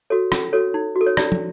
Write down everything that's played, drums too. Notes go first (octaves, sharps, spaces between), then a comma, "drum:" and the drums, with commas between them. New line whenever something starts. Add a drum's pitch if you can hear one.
F#4 A4 C#5
C#4, drum: rim click
F#4 A4 C#5
D#4
F#4
A4
C#5
D#4 D5, drum: rim click
drum: tom